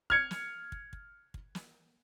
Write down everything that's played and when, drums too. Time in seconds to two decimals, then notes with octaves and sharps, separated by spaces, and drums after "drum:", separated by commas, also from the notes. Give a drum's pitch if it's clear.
0.10 F6 G#6 C#7, drum: kick
0.31 drum: snare
0.72 drum: kick
0.93 drum: kick
1.34 drum: kick
1.55 drum: snare